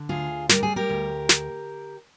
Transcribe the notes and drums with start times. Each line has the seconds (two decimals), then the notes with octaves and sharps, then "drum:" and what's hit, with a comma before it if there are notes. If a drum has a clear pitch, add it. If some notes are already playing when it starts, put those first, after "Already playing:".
Already playing: D3
0.09 D2 F4 G#4
0.49 G3 A#4, drum: snare
0.63 G#4
0.76 G4 A#4
0.89 D2
1.29 drum: snare